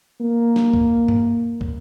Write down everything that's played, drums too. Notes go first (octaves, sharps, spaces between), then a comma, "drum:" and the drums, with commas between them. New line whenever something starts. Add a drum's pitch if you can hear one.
A#3
drum: snare
drum: kick
drum: tom G2
drum: kick